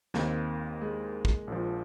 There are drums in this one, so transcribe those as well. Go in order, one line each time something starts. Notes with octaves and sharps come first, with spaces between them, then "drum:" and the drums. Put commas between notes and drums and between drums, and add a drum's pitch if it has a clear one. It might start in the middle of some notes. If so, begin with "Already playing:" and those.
D#2 D#3 A#3 C4, drum: snare
G#3
drum: kick
A#1 A#2 F3